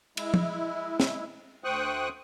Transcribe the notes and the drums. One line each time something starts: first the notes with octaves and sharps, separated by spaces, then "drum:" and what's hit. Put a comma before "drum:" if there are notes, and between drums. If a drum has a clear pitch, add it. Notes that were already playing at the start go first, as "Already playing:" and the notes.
G#3 E4, drum: cymbal
drum: tom F3
drum: snare
D2 C5 G5 C#6 D#6 F#6